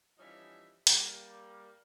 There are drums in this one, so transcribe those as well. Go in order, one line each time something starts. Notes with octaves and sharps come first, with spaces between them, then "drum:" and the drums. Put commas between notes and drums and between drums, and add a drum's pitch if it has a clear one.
E3 F3 G3 C#4 D#4 E5
G3 A#3, drum: hi-hat